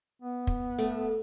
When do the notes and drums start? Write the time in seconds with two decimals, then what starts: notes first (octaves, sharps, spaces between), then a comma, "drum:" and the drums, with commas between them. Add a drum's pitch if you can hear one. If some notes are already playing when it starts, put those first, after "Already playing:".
0.22 B3
0.47 drum: kick
0.78 A3